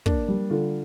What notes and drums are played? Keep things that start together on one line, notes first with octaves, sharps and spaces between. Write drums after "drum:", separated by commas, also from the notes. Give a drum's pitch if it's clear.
A#3 D4, drum: kick
G3
D3 F4